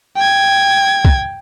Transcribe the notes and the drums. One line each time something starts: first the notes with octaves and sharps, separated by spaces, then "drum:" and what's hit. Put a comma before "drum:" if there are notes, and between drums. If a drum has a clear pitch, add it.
G5 G#6
drum: kick B1